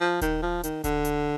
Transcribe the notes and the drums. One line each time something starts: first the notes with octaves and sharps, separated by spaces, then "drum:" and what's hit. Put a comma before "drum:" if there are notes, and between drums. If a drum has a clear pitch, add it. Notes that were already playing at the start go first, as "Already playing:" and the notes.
F3
D#3, drum: kick D#1, hi-hat
F3
D#3, drum: hi-hat
D3, drum: kick D#1, hi-hat
drum: hi-hat